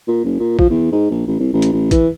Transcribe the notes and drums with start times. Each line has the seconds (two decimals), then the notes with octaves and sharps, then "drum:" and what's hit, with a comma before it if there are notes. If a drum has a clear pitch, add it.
0.07 A#2
0.24 F#1
0.39 A#2
0.59 F3, drum: kick
0.70 E2
0.92 G#2
1.10 A#1
1.27 A1
1.39 C2
1.53 A1
1.62 drum: hi-hat
1.73 A1
1.91 E3, drum: kick, hi-hat